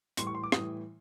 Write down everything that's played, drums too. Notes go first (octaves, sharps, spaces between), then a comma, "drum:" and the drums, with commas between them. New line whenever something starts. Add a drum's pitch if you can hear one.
A2 E3 G3 C6, drum: hi-hat
C#6
C6
D6
A2 E3 G3 D#6, drum: rim click